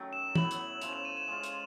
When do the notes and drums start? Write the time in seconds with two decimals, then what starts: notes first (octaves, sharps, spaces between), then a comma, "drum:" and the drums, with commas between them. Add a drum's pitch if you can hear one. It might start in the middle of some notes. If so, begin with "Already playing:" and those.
Already playing: D#3 F#3 A3 C#4
0.13 E7
0.35 A2 F#3 B3 E4 F#7, drum: tom
0.51 drum: hi-hat
0.82 F3 A3 C#4 F7, drum: hi-hat
0.93 E7
1.05 D#7
1.17 E7
1.27 G#3 C#4 F4 G#4
1.44 drum: hi-hat